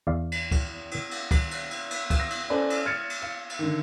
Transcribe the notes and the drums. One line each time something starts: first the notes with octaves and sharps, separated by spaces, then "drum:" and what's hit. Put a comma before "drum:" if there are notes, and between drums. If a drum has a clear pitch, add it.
E2 D5 E5 F5
drum: cymbal
drum: kick, cymbal
drum: cymbal
drum: cymbal
drum: kick, cymbal
drum: cymbal
drum: cymbal
drum: cymbal
drum: kick, cymbal
A#6
drum: cymbal
C#4 A4 B4 C5 D5
drum: cymbal
F6 G#6 A6 C#7
drum: cymbal
F5
drum: cymbal
D3 D#3